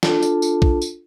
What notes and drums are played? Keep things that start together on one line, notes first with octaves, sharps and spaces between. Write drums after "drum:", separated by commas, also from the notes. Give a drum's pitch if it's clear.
D4 F4 A4 A5, drum: snare
drum: tambourine
drum: tambourine
drum: kick
drum: tambourine